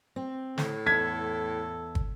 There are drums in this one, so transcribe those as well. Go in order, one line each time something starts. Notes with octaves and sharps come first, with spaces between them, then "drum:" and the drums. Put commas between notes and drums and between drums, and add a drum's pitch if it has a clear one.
C4
A2, drum: snare
E2 A4 G#6 B6
drum: kick